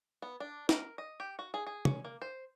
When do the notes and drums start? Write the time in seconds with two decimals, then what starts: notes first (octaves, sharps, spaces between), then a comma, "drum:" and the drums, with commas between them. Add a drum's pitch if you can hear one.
0.22 B3
0.40 D4
0.69 A#4, drum: snare
0.98 D#5
1.20 G4
1.39 F#4
1.54 G#4
1.67 G#4
1.85 C#4, drum: tom
2.05 A#3
2.22 C5